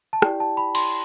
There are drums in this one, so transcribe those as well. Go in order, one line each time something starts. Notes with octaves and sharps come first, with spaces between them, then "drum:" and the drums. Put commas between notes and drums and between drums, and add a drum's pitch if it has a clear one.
A5
E4 G4 D5 G5, drum: rim click
A5
B5
C6, drum: cymbal